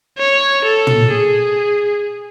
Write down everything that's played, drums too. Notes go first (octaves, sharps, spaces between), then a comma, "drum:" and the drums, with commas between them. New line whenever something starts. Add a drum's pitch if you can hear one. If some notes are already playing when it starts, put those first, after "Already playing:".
C#5
A4
drum: tom
G#4